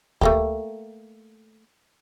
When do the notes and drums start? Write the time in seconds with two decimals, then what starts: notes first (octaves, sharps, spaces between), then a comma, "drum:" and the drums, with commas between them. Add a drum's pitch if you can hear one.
0.21 A3 A#3 G4, drum: kick D2